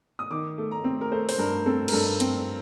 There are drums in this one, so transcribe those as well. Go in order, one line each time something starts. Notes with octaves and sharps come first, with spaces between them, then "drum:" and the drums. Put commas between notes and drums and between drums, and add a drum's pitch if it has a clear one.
D#6
D#3 D6
A3
A#5
C4
A#4
A3 C5
C5, drum: open hi-hat
G2 A#4
C4 A4
A#4, drum: cymbal
G2 A4
C4, drum: hi-hat